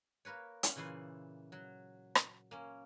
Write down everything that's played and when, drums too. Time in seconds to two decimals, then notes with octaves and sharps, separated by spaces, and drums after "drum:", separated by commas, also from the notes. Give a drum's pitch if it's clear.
0.25 A#3 A#4 B4 C#5
0.63 C#4, drum: hi-hat
0.76 A#2 C#3 E3 E4 C6
1.52 F#3
2.15 drum: rim click
2.51 A#3 C#4